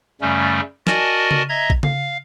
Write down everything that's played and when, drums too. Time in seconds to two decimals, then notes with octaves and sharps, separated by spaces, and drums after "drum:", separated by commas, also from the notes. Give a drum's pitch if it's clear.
0.21 F#2 C#3 G3 A3 C#4
0.87 F#4 A#4 D5 D#5 G#5 A5, drum: snare
1.31 drum: tom C#3
1.49 D#5 E5 A#5 G#6
1.70 drum: kick A#1
1.83 F5, drum: tom C#3